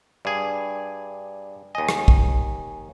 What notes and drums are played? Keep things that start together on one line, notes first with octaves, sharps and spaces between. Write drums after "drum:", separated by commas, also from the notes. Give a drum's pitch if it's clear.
G2 G#4 D5
D#2 D#5 G#5
drum: rim click
drum: kick B1